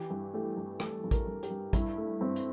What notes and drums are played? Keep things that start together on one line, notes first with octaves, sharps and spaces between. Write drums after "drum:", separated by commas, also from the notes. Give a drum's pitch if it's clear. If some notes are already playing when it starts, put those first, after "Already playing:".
Already playing: E3 G4
G2
A3 G4
G2
A3 A4, drum: rim click
G2
A#4, drum: kick, hi-hat
G2
G4, drum: hi-hat
G2
G2 E4, drum: kick, hi-hat
A3
G2 C4
drum: hi-hat